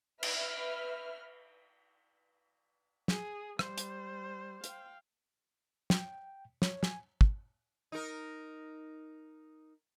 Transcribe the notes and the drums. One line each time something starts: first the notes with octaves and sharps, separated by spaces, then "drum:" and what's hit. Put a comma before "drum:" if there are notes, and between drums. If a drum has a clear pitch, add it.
B4 E5 F6, drum: cymbal
G#4, drum: snare
G3 C5, drum: rim click
drum: hi-hat
F5 G5, drum: hi-hat
G5, drum: snare
C#5, drum: snare
G#5, drum: snare
drum: kick
D#4 A#4